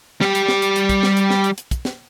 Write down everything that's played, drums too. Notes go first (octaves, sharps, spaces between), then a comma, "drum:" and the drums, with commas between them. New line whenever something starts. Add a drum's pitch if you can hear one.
G3 G4, drum: snare
drum: hi-hat
drum: snare
drum: hi-hat
drum: hi-hat
drum: kick, hi-hat
drum: snare
drum: hi-hat
drum: snare
drum: hi-hat
drum: hi-hat
drum: kick, hi-hat
drum: snare